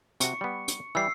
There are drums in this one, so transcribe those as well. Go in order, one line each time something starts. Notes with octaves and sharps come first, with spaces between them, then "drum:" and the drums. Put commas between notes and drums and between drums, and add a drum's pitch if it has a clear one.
C3 F#4 C#6 C#7, drum: hi-hat
G3 B3
drum: hi-hat
E3 G3 E6 C7